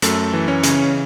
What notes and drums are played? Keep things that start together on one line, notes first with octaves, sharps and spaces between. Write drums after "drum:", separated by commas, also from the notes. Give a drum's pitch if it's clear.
F#2 A3 A4, drum: hi-hat
E3
C#4 C#5
C#3, drum: hi-hat